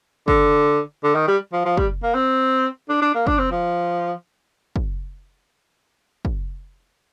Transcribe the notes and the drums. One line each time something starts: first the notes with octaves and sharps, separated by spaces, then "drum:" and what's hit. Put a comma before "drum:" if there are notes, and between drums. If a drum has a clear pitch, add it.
D3, drum: kick
D3
D#3
G3
F3
F3
G3, drum: kick
A#3
C4
D4
D4
A#3
D4, drum: kick
C4
F3
drum: kick
drum: kick